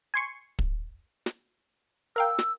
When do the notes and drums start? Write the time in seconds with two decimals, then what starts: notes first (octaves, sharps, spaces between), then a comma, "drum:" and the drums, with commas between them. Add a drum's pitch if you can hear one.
0.14 G#5 C6 C#6
0.59 drum: kick
1.26 drum: snare
2.16 A#4 F5 G5 E6
2.39 drum: snare